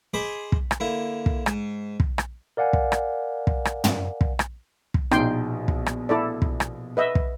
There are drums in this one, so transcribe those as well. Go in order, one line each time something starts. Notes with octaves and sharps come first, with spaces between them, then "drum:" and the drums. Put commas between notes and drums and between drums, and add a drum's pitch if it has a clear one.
G#4 C5 D#5 G#5 B5 D6
drum: kick
drum: rim click
D3 A#3 E4
drum: kick
G#2, drum: rim click
drum: kick
drum: rim click
A#4 D5 F5 F#5 G#5
drum: kick
drum: rim click
drum: kick
drum: rim click
drum: tom
drum: kick
drum: rim click
drum: kick
A#1 B2 D#4 G5 C6, drum: rim click
drum: kick
drum: rim click
E4 A4 D5
drum: kick
drum: rim click
B4 D#5 E5
drum: kick